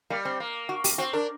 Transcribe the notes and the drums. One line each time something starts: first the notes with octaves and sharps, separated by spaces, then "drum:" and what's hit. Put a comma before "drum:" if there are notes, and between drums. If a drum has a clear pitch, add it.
G3 A#3
C4
A#3
F#4
G4, drum: open hi-hat
C4 F#4
D4 A#4